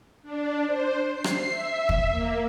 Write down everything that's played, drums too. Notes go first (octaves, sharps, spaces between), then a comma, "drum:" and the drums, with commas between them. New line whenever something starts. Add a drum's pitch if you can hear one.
D4
C5
C7
drum: rim click
E5
drum: kick
A#3